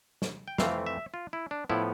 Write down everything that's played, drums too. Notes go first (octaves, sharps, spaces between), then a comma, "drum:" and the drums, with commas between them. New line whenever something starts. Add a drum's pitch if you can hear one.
drum: snare
G5
F2 E3 A3 C4 F5, drum: snare
E5
F4
E4
D4
A2 F3 B3 E4